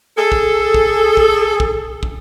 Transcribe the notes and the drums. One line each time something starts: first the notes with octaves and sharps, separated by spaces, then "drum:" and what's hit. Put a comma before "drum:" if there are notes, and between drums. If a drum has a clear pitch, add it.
G#4 A4
drum: kick
drum: kick
drum: kick
drum: kick
drum: kick